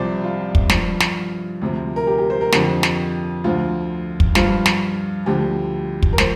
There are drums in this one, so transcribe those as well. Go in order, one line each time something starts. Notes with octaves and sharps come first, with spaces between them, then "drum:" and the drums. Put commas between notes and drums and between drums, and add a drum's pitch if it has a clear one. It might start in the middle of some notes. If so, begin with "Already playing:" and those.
Already playing: C2 C3 F3 C5 D5
F4
drum: kick
G2 F3, drum: snare
drum: snare
D2 C3 F3
A#4
G4
G4
C5
A#4
F2 D3 F3 G4, drum: snare
drum: snare
D2 D3 F3 F4
drum: kick
G2 F3 F4, drum: snare
drum: snare
D2 D3 F3 G4
drum: kick
A#4
F3 C5, drum: snare